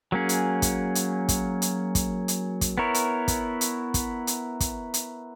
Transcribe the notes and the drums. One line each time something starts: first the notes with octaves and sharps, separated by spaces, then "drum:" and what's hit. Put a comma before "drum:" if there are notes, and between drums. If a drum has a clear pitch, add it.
F#3 A#3 C#4 G#4
drum: hi-hat
drum: kick, hi-hat
drum: hi-hat
drum: kick, hi-hat
drum: hi-hat
drum: kick, hi-hat
drum: hi-hat
drum: kick, hi-hat
B3 E4 A#4 C#5
drum: hi-hat
drum: kick, hi-hat
drum: hi-hat
drum: kick, hi-hat
drum: hi-hat
drum: kick, hi-hat
drum: hi-hat